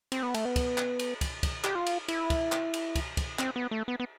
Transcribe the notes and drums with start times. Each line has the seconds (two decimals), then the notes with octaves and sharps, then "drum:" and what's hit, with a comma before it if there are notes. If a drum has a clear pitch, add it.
0.12 C4, drum: cymbal
0.23 B3
0.34 A3, drum: cymbal
0.45 B3
0.56 drum: kick, cymbal
0.78 drum: clap
0.99 drum: cymbal
1.21 drum: kick, cymbal
1.43 drum: kick, cymbal
1.64 G4, drum: clap
1.75 F4
1.87 drum: cymbal
2.08 E4, drum: cymbal
2.30 drum: kick, cymbal
2.52 drum: clap
2.74 drum: cymbal
2.95 drum: kick, cymbal
3.17 drum: kick, cymbal
3.39 C4, drum: clap
3.56 B3
3.71 A3
3.88 B3
4.00 B3